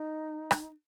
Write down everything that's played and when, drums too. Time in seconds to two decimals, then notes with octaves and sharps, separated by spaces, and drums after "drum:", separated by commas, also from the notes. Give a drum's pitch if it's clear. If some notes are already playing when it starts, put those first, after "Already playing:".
Already playing: D#4
0.51 drum: rim click